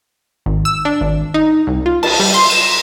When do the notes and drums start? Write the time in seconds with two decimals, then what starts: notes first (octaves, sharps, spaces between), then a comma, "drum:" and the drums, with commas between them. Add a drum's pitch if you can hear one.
0.46 G#1
0.65 E6
0.85 D4
1.01 G#1
1.34 D#4
1.67 C2
1.86 F4
2.03 A5, drum: cymbal
2.20 G3
2.34 C6
2.50 E7